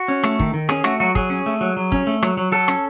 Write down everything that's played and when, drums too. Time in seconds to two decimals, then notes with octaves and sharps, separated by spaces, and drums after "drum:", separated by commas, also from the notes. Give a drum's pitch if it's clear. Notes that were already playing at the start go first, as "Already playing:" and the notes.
Already playing: F#4
0.08 C#4
0.23 A3, drum: rim click
0.39 D#3, drum: kick
0.54 D#3
0.69 C#4 G#4, drum: rim click
0.84 A3 F#4, drum: rim click
1.00 F#3 F#4
1.15 F#3 G#4, drum: kick
1.30 C#4
1.46 A3
1.61 F#3
1.77 F#3
1.92 C#4, drum: kick
2.07 A3
2.23 F#3, drum: rim click
2.37 F#3
2.52 F#3 A4
2.68 C#4, drum: rim click